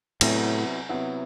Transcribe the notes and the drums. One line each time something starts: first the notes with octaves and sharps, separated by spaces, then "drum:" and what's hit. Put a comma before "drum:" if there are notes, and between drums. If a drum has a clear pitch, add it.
A2 C3 F#3 B3 E4, drum: cymbal
C3 F#3 B3 E4